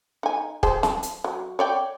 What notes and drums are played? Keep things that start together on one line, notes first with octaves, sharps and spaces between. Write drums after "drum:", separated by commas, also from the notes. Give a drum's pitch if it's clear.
D#4 G#5
G#4 C5 A5, drum: kick
A5, drum: snare
drum: hi-hat
F#3
C#5 D5 G5